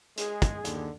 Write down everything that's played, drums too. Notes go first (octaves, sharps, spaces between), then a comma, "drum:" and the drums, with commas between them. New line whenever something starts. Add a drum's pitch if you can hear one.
G#3 G#4, drum: hi-hat
drum: kick, hi-hat
D#2 D3, drum: hi-hat